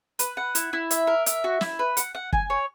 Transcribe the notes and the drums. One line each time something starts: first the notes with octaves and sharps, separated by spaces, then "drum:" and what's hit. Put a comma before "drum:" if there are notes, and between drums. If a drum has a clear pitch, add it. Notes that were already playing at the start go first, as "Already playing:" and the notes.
B4, drum: hi-hat
F#5
E4, drum: hi-hat
E4
E5, drum: hi-hat
A#4
E5, drum: hi-hat
F#4
E4, drum: snare
B4
F#5, drum: hi-hat
F#5
G#5, drum: kick
C#5